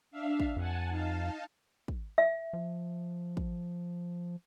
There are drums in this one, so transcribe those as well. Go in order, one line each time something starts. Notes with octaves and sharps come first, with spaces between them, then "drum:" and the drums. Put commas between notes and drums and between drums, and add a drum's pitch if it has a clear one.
D4 E5 F5
drum: kick
F2 F#5 G#5 A5
D#4 F5 A5
drum: kick
E5
F3
drum: kick